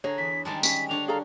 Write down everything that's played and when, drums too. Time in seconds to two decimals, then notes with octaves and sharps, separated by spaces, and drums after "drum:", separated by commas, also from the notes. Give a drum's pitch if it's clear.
0.04 D3 G#4 C#5 A#5
0.18 E2 B6
0.45 D#3 G3 G#3 A5
0.63 C#4 G#5 B6, drum: tambourine
0.89 D3 D4 C#5 F7
1.08 G#4 A4 F5 A#5